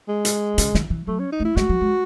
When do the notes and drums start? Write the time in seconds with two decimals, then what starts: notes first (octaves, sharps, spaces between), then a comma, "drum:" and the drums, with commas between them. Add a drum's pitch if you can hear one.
0.08 G#3
0.25 drum: hi-hat
0.58 C#3, drum: hi-hat
0.75 D#3, drum: snare
0.90 E3
1.07 F#3 A3
1.19 C#4
1.32 D#4
1.40 A3
1.45 E4
1.57 G#3 F#4, drum: snare
1.69 F#3
1.81 G#3